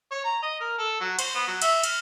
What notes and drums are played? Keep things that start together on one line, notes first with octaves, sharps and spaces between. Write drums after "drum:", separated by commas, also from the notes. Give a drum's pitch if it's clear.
C#5
A#5
D#5
A#4
A4
F#3
C5, drum: cymbal
B3
F#3
E5, drum: cymbal
F6, drum: cymbal